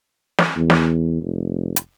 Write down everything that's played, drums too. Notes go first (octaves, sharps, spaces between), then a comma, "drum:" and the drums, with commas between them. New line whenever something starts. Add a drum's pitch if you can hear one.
drum: snare
E2
drum: snare
F1
drum: hi-hat